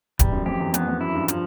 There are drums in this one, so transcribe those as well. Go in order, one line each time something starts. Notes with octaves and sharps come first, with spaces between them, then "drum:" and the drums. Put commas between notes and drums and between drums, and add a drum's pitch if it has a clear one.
E2 G3, drum: kick, hi-hat
F#2
F2 G4
E2
F2 B3, drum: hi-hat
F2
F#2 E4
G2
F3, drum: hi-hat